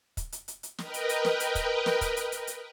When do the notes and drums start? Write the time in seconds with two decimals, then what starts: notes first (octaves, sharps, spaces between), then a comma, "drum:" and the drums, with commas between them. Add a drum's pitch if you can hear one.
0.17 drum: kick, hi-hat
0.32 drum: hi-hat
0.48 drum: hi-hat
0.63 drum: hi-hat
0.78 A#4 B4 D#5 G5, drum: snare
0.94 drum: hi-hat
1.09 drum: hi-hat
1.25 drum: snare
1.40 drum: hi-hat
1.55 drum: kick, hi-hat
1.86 drum: snare
2.01 drum: kick, hi-hat
2.17 drum: hi-hat
2.32 drum: hi-hat
2.47 drum: hi-hat